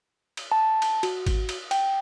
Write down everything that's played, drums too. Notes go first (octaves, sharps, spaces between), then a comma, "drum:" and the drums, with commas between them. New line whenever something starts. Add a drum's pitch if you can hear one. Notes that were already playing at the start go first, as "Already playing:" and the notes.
drum: cymbal
A5
drum: cymbal
F#4, drum: cymbal
drum: kick G#1, cymbal
drum: cymbal
G5, drum: cymbal